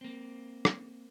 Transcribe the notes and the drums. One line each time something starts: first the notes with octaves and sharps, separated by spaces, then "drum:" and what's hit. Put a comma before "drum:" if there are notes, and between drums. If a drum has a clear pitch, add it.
A#3 C4
drum: rim click